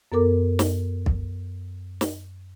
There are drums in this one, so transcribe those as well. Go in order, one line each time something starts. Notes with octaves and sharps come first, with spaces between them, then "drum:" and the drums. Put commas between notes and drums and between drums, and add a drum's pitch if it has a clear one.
F#2 B3 A4 A#4 D6
drum: snare
drum: kick
drum: snare